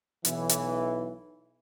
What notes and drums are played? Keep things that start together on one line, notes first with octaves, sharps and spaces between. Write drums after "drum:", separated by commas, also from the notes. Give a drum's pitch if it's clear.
B1 E3, drum: hi-hat
drum: hi-hat